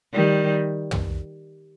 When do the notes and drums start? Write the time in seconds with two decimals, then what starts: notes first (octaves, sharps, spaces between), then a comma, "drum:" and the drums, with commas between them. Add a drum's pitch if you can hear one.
0.13 D#3 G3
0.91 drum: tom